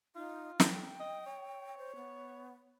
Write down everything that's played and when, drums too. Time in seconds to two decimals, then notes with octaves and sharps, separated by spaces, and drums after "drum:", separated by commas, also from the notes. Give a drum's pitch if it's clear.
0.16 D#4 F4
0.60 G5, drum: snare
1.00 D#5
1.26 C#5
1.78 C5
1.96 B3